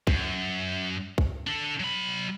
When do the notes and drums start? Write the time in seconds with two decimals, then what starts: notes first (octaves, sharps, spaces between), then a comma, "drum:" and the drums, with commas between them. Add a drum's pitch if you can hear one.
0.07 F#2, drum: kick
1.18 drum: kick
1.47 D4 A4
1.80 F#3 B5